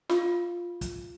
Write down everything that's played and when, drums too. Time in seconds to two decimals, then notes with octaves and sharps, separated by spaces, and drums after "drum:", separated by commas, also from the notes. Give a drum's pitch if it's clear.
0.09 F4 F5, drum: snare
0.81 drum: kick, hi-hat